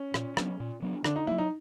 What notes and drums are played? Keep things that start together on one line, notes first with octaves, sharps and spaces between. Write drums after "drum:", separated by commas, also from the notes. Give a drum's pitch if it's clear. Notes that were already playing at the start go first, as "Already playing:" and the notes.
Already playing: C#4
A#2, drum: rim click
F#3 B3 D4, drum: rim click
A#2
F#3 B3 D4
D3 D4, drum: rim click
D#4
F#3 A#3 E4
D#4